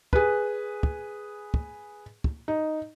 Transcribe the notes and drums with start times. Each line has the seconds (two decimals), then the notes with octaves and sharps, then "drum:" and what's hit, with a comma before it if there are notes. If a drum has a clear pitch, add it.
0.13 G#4 B4, drum: kick
0.83 drum: kick
1.54 drum: kick
2.24 drum: kick
2.48 D#4